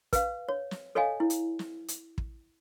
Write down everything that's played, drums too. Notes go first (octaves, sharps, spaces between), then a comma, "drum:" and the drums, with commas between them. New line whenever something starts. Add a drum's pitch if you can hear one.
B4 F5, drum: kick, hi-hat
C#5
drum: snare
A4 C#5 D#5 F5 G#5
E4
drum: hi-hat
drum: snare
drum: hi-hat
drum: kick